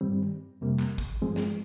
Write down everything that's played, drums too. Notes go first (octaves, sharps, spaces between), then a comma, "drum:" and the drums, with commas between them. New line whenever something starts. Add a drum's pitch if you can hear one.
G2 D#3 G3 C4
F2 C3 G3 A#3
drum: clap
drum: kick
G2 F3 G#3 C4
drum: snare